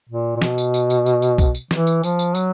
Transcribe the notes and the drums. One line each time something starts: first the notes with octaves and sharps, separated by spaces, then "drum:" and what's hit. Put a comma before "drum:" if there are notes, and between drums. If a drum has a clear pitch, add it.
A#2
A#2
B2, drum: snare
drum: tambourine
drum: tambourine
drum: tambourine
drum: tambourine
drum: tambourine
drum: kick B1, tambourine
drum: tambourine
E3, drum: snare
drum: tambourine
F3, drum: tambourine
drum: tambourine
F#3, drum: tambourine